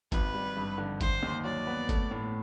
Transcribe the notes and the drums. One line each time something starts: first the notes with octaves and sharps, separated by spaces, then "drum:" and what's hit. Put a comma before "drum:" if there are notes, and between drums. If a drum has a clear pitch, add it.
G#1 B4, drum: kick G1, hi-hat
G3
G2
D3
D3 C5, drum: kick G1, hi-hat
D#2
F#3 D5
B3
A3, drum: kick G1, hi-hat
A2